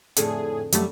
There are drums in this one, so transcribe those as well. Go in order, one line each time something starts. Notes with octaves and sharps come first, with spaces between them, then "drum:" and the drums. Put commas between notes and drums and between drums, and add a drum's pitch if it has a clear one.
F2 A2 D3 A3 G#4, drum: hi-hat
F#2 F#3 G3 A3, drum: hi-hat